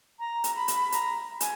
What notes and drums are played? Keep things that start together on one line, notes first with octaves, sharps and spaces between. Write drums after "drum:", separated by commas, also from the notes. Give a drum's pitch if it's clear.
A#5
drum: hi-hat
B5
drum: hi-hat
A#5, drum: hi-hat
G#5, drum: hi-hat